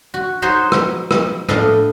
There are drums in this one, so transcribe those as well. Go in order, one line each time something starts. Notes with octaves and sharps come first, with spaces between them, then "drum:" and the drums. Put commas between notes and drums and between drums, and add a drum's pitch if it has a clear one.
F#4
F#3 D#4 F#4 C5 C#5 D#5
drum: rim click
drum: rim click
A2 D4 D#5 F5, drum: rim click